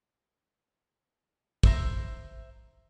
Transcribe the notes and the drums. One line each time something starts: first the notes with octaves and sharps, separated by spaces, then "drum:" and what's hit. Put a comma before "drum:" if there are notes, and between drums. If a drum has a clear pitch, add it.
C5 E5 A#5, drum: kick